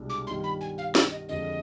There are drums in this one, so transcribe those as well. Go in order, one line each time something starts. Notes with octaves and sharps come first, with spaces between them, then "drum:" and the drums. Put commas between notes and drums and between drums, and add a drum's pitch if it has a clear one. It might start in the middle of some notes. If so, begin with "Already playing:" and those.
Already playing: C2 B2 G#3 D4
D6
G2 D#3 B3 F4 C6
B5
G#5
F5
D5, drum: snare
D#5
F2 D3 G#3 C4 F4 D#5